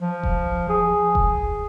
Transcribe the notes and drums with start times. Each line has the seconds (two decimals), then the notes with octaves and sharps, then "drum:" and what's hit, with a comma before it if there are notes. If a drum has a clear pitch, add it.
0.01 F3
0.23 drum: kick E1
0.69 G#4
1.15 drum: kick E1